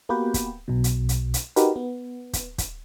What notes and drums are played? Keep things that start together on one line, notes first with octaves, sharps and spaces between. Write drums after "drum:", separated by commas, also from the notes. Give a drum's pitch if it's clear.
A#3 B3 F#4 G4 B4 G5
drum: kick, hi-hat
B1 B2
drum: hi-hat
drum: hi-hat
drum: hi-hat
D#4 F#4 G4 A#4 B4, drum: hi-hat
B3
drum: kick, hi-hat
drum: kick, hi-hat